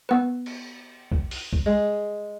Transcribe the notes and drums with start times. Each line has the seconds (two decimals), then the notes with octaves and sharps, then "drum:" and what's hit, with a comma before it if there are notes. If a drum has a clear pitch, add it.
0.09 B3 B4
0.46 drum: cymbal
1.12 drum: kick
1.31 drum: open hi-hat
1.53 drum: kick
1.66 G#3